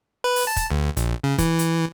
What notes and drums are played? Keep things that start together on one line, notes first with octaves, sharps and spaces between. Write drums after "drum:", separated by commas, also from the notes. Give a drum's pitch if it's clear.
B4
drum: open hi-hat
A5
drum: kick, hi-hat
D2
A#1, drum: hi-hat
C#3
E3, drum: kick, hi-hat
drum: hi-hat